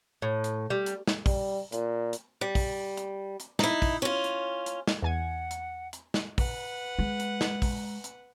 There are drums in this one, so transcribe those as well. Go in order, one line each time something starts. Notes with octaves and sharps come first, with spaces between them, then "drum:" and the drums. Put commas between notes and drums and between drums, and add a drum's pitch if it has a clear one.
A2
drum: hi-hat
G3
drum: hi-hat
drum: snare
G3, drum: kick, open hi-hat
A#2, drum: hi-hat
drum: hi-hat
G3
drum: kick, open hi-hat
drum: hi-hat
drum: hi-hat
D#4 E4, drum: snare
drum: kick, open hi-hat
C#4 F4
drum: hi-hat
drum: hi-hat
drum: snare
E2 F#5 G#5 G#6
drum: hi-hat
drum: hi-hat
drum: snare
B4 F#5, drum: kick, open hi-hat
G#3
drum: hi-hat
drum: snare
drum: kick, open hi-hat
drum: hi-hat